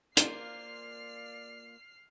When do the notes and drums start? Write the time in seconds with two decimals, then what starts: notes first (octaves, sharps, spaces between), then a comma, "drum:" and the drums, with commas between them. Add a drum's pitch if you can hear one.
0.17 A#3 F4 A#4 C5 D5 G#5 F6 C7, drum: hi-hat